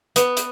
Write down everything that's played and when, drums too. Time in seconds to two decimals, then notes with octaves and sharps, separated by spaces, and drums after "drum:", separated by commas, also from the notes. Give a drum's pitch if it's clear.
0.16 B3, drum: hi-hat
0.37 drum: hi-hat